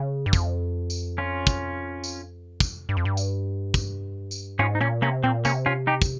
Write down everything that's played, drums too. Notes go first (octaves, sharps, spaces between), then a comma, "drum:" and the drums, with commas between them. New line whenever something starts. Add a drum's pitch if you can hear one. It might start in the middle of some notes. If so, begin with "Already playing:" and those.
Already playing: C#3
G2
F2, drum: kick, tambourine
drum: tambourine
C#4 F4
drum: kick, tambourine
drum: tambourine
drum: kick, tambourine
G2
F2
G2
drum: tambourine
drum: kick, tambourine
drum: tambourine
G#2 C#4 F4
D#4
A#2 A#3 C#4
C3 A#3 C#4
A#2 C4
C3 A#3 C#4, drum: tambourine
C#4 F4
D#4 G4
drum: kick, tambourine